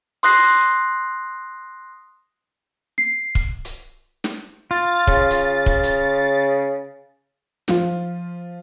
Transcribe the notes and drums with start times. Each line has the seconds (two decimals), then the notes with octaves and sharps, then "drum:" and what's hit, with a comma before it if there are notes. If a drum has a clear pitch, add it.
0.23 C6 D#6 F#6 A#6 C7, drum: open hi-hat
2.98 C7
3.35 drum: kick
3.65 drum: hi-hat
4.24 drum: snare
4.71 F4 A6
5.07 C#3, drum: kick
5.30 drum: hi-hat
5.66 drum: kick
5.83 drum: hi-hat
7.68 F3 F4, drum: snare